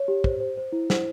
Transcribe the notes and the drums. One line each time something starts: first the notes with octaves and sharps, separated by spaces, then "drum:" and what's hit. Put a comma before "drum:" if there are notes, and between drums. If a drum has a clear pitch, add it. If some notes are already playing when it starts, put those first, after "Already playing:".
Already playing: C#5
G4
C5, drum: kick
C5
C5
E4
C5, drum: snare